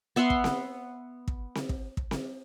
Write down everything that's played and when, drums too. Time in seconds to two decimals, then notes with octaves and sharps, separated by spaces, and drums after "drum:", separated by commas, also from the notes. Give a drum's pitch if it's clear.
0.16 B3 E5 F#5 C6
0.30 drum: kick
0.44 drum: snare C4
1.28 drum: kick
1.55 drum: snare C4
1.69 drum: kick
1.97 drum: kick
2.11 drum: snare C4